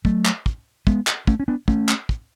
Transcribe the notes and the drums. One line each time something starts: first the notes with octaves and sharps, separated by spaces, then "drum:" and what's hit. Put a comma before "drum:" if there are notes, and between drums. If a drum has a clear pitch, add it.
F#3 A3, drum: kick
drum: clap
drum: kick
G#3 B3, drum: kick
drum: clap
A3 C#4, drum: kick
C#4
B3 D4
A3 C#4, drum: kick
drum: clap
drum: kick